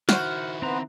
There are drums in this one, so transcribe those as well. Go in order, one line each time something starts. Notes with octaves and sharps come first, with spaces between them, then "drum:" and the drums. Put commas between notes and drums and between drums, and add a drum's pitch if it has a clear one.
D#3 E4 F#4 C5 F6 F#6, drum: snare
B3 C4 B4 C5 A#5